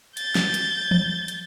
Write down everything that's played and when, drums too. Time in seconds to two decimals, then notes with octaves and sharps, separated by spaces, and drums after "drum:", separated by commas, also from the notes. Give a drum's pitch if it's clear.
0.17 G6 A6, drum: hi-hat
0.35 drum: snare
0.54 drum: hi-hat
0.91 drum: tom E3
1.28 drum: hi-hat